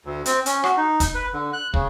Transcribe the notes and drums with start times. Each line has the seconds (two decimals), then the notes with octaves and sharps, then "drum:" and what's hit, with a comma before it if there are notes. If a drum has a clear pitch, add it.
0.05 D2
0.26 C4, drum: hi-hat
0.46 C#4, drum: hi-hat
0.64 F#4, drum: rim click
0.77 D#4
1.00 drum: kick, hi-hat
1.15 B4
1.33 D3
1.53 F#6
1.74 C#3, drum: kick